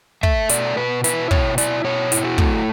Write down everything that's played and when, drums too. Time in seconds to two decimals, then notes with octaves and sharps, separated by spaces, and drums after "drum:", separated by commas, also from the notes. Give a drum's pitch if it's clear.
0.23 A3 E5, drum: kick
0.49 B2 D5, drum: hi-hat
0.77 B2 B4
1.04 E4 B4, drum: hi-hat
1.31 B2 C#5, drum: kick
1.58 E4 D5, drum: hi-hat
1.84 B2 C#5
2.12 E4, drum: hi-hat
2.25 F#4
2.38 A3, drum: kick